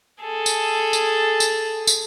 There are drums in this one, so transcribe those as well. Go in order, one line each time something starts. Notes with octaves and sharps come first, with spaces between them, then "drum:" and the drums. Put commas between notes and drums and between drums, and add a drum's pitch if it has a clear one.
G#4 A4
drum: tambourine
drum: tambourine
drum: tambourine
drum: tambourine